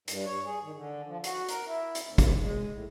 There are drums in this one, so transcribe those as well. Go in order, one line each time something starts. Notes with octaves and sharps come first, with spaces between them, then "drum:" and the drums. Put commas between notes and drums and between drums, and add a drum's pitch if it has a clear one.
G2, drum: hi-hat
C#5
G#4
D#3
D3
F3
F#4, drum: hi-hat
A#4, drum: hi-hat
E4
drum: hi-hat
D#2
drum: kick, hi-hat
G#3
A2